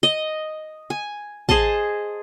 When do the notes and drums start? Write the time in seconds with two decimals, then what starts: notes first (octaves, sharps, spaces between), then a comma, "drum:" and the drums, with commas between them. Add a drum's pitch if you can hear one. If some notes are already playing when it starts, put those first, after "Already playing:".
0.03 D#5
0.90 G#5
1.49 G#4 C5 D#5 A5, drum: kick